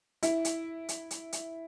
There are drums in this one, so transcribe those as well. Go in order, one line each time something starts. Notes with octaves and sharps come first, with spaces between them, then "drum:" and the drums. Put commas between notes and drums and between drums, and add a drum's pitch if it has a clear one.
E4, drum: hi-hat
drum: hi-hat
drum: hi-hat
drum: hi-hat
drum: hi-hat